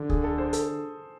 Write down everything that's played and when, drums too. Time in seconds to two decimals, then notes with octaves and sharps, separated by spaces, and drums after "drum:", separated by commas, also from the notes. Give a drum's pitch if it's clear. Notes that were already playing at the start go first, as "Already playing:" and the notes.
Already playing: D3
0.09 G#4, drum: kick C#2
0.24 A4
0.38 C5
0.53 A4, drum: hi-hat